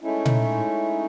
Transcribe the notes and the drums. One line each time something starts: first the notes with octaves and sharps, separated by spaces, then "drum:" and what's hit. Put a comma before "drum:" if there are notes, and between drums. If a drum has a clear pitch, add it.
G#3 A3 C#4 D#4 E4
drum: tom A#2